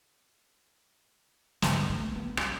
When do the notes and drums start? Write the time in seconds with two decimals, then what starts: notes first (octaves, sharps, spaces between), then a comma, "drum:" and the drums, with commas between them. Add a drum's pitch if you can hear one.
1.62 G2 G3, drum: snare
1.90 A3
2.15 B3
2.37 G3 C#4, drum: rim click